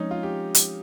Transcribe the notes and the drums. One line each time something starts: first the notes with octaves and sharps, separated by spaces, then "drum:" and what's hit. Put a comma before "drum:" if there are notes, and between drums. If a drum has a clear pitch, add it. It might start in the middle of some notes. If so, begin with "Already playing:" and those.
Already playing: F3 G#3 C4 C#4 D#4
F4
G4
drum: hi-hat